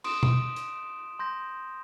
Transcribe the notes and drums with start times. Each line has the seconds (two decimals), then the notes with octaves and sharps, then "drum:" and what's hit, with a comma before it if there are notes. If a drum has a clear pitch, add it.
0.04 C6 D#6 D7 E7, drum: cymbal
0.23 drum: tom
0.56 drum: hi-hat
1.19 C6 G6 A#6